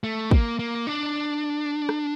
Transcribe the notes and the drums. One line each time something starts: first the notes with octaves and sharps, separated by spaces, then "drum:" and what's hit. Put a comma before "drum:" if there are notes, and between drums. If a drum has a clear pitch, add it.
A3
A#3, drum: kick
A#3
D4
drum: rim click